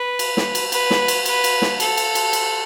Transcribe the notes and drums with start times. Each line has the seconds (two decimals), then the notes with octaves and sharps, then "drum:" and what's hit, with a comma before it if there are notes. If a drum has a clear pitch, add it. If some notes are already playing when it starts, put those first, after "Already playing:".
Already playing: B4
0.19 drum: cymbal
0.37 drum: snare
0.55 drum: cymbal
0.72 B4, drum: cymbal
0.90 drum: snare
1.08 drum: cymbal
1.26 B4, drum: cymbal
1.44 drum: cymbal
1.62 drum: snare
1.80 A4, drum: cymbal
1.97 drum: cymbal
2.15 drum: cymbal
2.33 drum: cymbal